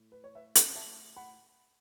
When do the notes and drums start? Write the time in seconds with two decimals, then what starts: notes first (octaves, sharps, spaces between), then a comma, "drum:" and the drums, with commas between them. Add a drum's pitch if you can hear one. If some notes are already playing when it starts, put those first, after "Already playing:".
Already playing: A2
0.12 B4
0.24 C#5
0.35 B4 E5
0.55 B4 E5, drum: hi-hat
0.76 E5 A5
1.16 F#5 B5